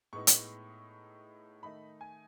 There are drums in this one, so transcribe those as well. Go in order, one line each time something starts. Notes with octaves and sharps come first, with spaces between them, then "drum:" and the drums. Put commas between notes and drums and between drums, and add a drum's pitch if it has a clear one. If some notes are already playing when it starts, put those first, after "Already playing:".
A2 G#3 B3 D#4 C#6
drum: hi-hat
D#3 A3 D#4 B5
G#5